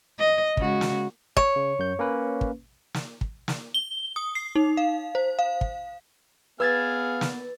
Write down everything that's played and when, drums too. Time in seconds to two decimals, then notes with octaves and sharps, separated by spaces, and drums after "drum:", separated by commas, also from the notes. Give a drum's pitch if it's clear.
0.19 D#5
0.57 C#3 G#3 F#4, drum: kick
0.81 drum: snare
1.37 C#5, drum: kick
1.56 C#3
1.79 F#2 G6
1.99 A#3 C#4 B4
2.41 drum: kick
2.94 drum: snare
3.21 drum: kick
3.48 drum: snare
3.74 G7
4.16 D#6
4.35 C7
4.55 D#4
4.77 F5
5.15 C5
5.39 F5
5.61 drum: kick
6.60 B3 G#4 B4 F5 E6 F6 G#6 A6
7.21 drum: snare